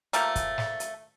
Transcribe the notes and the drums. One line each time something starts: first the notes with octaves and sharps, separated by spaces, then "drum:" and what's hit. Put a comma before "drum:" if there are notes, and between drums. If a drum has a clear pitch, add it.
F3 G3 A3 A#3, drum: hi-hat
drum: kick, hi-hat
drum: snare
drum: hi-hat